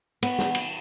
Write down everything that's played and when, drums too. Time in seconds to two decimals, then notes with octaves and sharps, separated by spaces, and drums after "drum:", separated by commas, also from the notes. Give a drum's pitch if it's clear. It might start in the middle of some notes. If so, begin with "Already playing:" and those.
0.23 B3, drum: cymbal
0.39 drum: snare
0.55 drum: cymbal